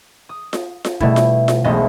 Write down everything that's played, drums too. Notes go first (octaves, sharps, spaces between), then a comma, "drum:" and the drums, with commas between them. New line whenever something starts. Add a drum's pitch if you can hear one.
D#6
drum: snare F4
drum: snare F4
B2 G3 A3 E4, drum: kick
drum: snare F4
drum: snare F4
E1 B1 G#3 A3 B3 D#5